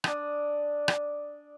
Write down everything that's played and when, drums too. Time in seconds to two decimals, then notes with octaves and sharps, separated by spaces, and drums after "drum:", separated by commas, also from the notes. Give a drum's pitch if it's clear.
0.04 D4 D#6, drum: rim click
0.88 drum: rim click